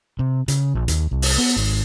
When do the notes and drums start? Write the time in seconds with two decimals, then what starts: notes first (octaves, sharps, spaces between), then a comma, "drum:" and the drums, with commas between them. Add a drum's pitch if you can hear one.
0.19 C3
0.48 C#3, drum: hi-hat
0.75 A#1
0.88 D#2, drum: hi-hat
1.11 C2
1.22 drum: open hi-hat
1.38 B3
1.56 G#1